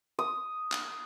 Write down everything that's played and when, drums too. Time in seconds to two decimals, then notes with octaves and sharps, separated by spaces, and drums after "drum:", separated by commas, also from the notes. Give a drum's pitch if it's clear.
0.19 D#6
0.72 drum: clap